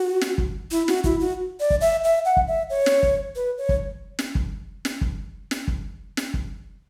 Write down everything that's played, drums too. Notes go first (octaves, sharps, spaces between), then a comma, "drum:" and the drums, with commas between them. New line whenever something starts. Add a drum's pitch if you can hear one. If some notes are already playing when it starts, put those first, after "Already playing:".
Already playing: F#4
drum: snare
drum: kick
E4
F#4, drum: snare
E4, drum: kick
F#4
D5
drum: kick
E5
E5
F#5
drum: kick
E5
C#5
drum: snare
drum: kick
B4
C#5
drum: kick
drum: snare
drum: kick
drum: snare
drum: kick
drum: snare
drum: kick
drum: snare
drum: kick